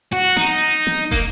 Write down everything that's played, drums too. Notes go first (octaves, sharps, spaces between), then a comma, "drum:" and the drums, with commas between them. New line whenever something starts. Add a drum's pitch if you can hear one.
F#4
D#4, drum: snare
drum: snare
A#3, drum: kick